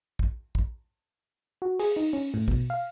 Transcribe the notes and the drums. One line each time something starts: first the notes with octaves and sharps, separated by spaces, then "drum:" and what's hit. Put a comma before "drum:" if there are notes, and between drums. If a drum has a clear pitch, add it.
drum: kick
drum: kick
F#4
G#4, drum: open hi-hat
D#4
C#4
A2
B2, drum: kick
F5